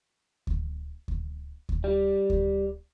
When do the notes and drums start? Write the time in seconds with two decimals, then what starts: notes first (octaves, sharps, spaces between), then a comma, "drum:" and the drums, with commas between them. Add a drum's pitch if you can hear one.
0.47 drum: kick D2
1.08 drum: kick D2
1.69 drum: kick D2
1.84 G3
2.30 drum: kick D2